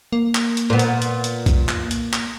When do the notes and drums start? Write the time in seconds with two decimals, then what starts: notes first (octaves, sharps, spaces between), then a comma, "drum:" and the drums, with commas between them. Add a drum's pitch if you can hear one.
0.13 A#3
0.35 drum: clap
0.57 drum: hi-hat
0.70 A#2 B3
0.79 drum: hi-hat
1.02 drum: hi-hat
1.24 drum: hi-hat
1.46 drum: kick, hi-hat
1.69 drum: clap
1.91 drum: hi-hat
2.13 drum: clap